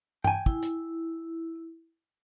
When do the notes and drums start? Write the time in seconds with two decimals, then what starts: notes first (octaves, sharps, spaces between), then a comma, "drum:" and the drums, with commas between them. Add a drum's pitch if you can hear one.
0.24 G5 G#5, drum: tom G2
0.46 E4, drum: kick
0.63 drum: hi-hat